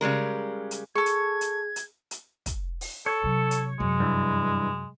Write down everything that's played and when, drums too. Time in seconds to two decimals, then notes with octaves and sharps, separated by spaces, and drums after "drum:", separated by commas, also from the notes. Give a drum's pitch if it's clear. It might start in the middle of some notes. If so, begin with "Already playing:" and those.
0.01 C#3 G3 G#3 A#4
0.71 drum: hi-hat
0.95 G#4 A4 C#6 G#6
1.06 drum: hi-hat
1.41 drum: hi-hat
1.76 drum: hi-hat
2.11 drum: hi-hat
2.46 drum: kick, hi-hat
2.81 drum: open hi-hat
3.06 A4 C#5
3.23 C3 F#3
3.51 drum: hi-hat
3.79 F#2 C3 G#3
4.00 G2 E3